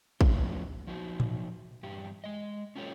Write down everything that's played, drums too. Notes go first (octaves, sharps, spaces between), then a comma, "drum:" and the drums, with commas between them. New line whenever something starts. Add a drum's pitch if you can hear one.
F3 A3 B3 C#4 F4, drum: kick
F3 F#3 D#4 F#4
drum: tom A2
E2 G2 G4
G#3 D#5
C#4 F4 G4 A4 C#5